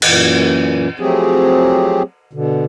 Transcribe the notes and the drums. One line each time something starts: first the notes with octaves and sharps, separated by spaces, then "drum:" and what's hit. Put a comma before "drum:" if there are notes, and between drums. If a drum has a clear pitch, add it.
F#2 A#2 E3, drum: cymbal
F3 F#3 A3 C4 G4 G#4
B2 D3